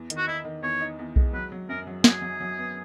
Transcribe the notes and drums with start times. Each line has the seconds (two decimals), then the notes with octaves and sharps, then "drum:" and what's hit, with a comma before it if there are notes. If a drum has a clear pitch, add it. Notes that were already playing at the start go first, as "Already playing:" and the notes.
Already playing: E2
0.10 D#3, drum: hi-hat
0.17 F#4
0.28 D#4 E4
0.45 D#3
0.63 E2 C#5
0.81 D#4
0.99 E2
1.16 G#3, drum: kick B1
1.33 F#3 B4
1.52 F#3
1.69 F#2 A#4
1.87 F#3
2.04 F#3 G#4, drum: snare
2.22 F#3
2.40 F#3
2.58 B3